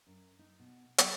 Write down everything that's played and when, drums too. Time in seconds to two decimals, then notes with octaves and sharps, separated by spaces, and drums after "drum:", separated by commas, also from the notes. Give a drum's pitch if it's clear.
0.07 F#2
0.39 D#4
0.59 B2
0.98 F#3, drum: hi-hat